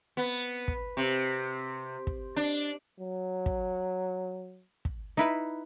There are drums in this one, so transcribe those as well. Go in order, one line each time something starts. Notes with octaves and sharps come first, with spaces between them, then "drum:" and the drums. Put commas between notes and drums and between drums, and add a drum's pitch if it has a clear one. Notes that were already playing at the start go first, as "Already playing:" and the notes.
B3
drum: kick
C3
drum: kick
D4
F#3
drum: kick
drum: kick
D#4 E4 B4